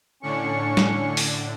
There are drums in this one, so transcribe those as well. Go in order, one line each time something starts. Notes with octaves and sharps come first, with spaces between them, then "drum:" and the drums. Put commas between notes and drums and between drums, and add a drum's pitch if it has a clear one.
A2 D3 C#4 D4 C#6
drum: snare
drum: open hi-hat